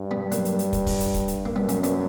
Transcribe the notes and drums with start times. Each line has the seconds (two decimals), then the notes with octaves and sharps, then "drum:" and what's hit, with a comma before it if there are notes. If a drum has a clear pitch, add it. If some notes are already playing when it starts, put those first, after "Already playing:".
Already playing: G2
0.11 G3 B3
0.32 F#3 A#3, drum: hi-hat
0.45 drum: hi-hat
0.59 drum: hi-hat
0.73 drum: kick, hi-hat
0.86 drum: kick, open hi-hat
1.00 drum: hi-hat
1.14 drum: kick, hi-hat
1.28 drum: hi-hat
1.46 A#3
1.56 F#2 G3 B3
1.69 A#3 C#4, drum: hi-hat
1.84 B3 D4, drum: hi-hat